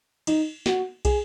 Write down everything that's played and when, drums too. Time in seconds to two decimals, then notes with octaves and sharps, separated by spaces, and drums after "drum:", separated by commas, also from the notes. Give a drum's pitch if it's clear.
0.27 D#4, drum: cymbal
0.66 F#4, drum: snare
1.05 G#4, drum: kick, cymbal